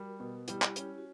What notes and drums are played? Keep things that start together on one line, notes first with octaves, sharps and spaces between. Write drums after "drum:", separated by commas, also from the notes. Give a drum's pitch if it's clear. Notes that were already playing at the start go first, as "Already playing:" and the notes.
Already playing: G3 F#4 A#4
B2
G3 E4 G4, drum: hi-hat
drum: clap
C#4, drum: hi-hat
F#4